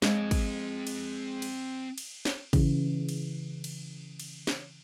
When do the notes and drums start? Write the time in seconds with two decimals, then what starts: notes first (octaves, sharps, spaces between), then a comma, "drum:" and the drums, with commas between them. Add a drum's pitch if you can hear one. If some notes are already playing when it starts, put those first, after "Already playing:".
0.02 G#3 C4 F5, drum: snare
0.31 drum: kick, cymbal
0.87 drum: cymbal
1.42 drum: cymbal
1.98 drum: cymbal
2.25 drum: snare
2.53 C#3 E3, drum: kick, cymbal
3.09 drum: cymbal
3.64 drum: cymbal
4.20 drum: cymbal
4.47 drum: snare